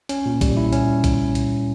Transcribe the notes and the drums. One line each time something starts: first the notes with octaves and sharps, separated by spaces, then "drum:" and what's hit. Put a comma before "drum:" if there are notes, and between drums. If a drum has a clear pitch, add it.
C#4, drum: hi-hat
A#2
G3, drum: kick B1, hi-hat
E4
C#4, drum: hi-hat
drum: kick B1, hi-hat
drum: hi-hat